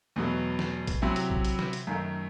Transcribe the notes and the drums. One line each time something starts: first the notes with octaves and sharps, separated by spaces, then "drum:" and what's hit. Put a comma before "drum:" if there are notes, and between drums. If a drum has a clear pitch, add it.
E2 B2 F#3 A3
drum: snare
drum: kick A#1, hi-hat
C3 F#3 C4 E4
drum: hi-hat
drum: kick A#1
drum: hi-hat
drum: snare
drum: hi-hat
F#2 D#3 A3